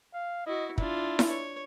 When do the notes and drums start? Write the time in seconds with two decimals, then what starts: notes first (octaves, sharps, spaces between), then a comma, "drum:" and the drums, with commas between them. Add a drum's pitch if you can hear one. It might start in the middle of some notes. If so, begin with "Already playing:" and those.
0.14 F5
0.47 E4 F#4 D#5
0.78 D4 E4 F4, drum: kick
1.19 drum: snare E4
1.30 C#5